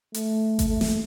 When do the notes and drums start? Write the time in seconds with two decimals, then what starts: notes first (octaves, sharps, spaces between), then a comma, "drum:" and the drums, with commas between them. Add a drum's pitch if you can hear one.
0.14 A3, drum: hi-hat
0.59 drum: kick G#1, hi-hat
0.68 A3
0.81 drum: snare